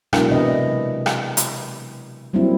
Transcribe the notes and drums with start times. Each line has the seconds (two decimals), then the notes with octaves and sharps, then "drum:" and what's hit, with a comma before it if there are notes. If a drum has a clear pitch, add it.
0.13 B2 F#3 G#3 D4 E4 A#4, drum: rim click
0.31 C3 E3 D4 B4 D#5 E5
1.06 drum: rim click
1.37 drum: hi-hat
2.33 F#3 G3 A#3 C4 E4